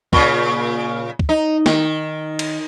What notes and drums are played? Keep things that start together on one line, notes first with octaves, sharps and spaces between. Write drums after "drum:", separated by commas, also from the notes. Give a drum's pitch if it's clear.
A#2 C#3, drum: kick
drum: kick
D#4
D#3, drum: snare
drum: cymbal